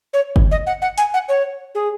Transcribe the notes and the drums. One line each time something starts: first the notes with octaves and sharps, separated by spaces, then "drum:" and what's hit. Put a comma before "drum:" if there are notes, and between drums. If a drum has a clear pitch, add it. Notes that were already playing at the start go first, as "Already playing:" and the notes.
C#5
drum: kick F#1
D#5
F#5
F#5
G#5, drum: hi-hat
F#5
C#5
G#4